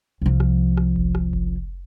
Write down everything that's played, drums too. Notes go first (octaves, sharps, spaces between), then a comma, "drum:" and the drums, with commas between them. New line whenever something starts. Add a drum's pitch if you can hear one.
C2 F3
drum: rim click
drum: rim click
drum: kick F#1
drum: rim click
drum: kick F#1